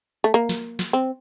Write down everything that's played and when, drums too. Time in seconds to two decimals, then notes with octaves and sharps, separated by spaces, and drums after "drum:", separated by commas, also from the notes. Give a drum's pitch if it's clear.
0.24 A3
0.34 A#3
0.49 drum: snare
0.79 drum: snare
0.93 C4